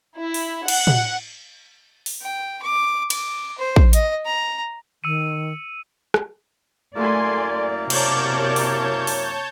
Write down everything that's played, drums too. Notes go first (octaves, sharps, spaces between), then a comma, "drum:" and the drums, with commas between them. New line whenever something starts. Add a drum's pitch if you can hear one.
E4
drum: open hi-hat
F#5, drum: cymbal
drum: tom
drum: open hi-hat
G5
D6
D6, drum: cymbal
C5
drum: kick
D#5, drum: hi-hat
A#5
D#3 E6 C#7 D#7
drum: rim click
F#2 A3 A#3 E4 D5 G#5 C6
C3 F#4 A#4 C#5 D5 A5 G6, drum: cymbal
drum: open hi-hat
drum: open hi-hat